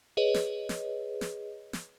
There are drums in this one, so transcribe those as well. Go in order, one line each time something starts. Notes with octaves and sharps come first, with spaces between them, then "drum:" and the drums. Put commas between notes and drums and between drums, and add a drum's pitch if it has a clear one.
G#4 B4 C#5 D#5
drum: snare
drum: snare
drum: snare
drum: snare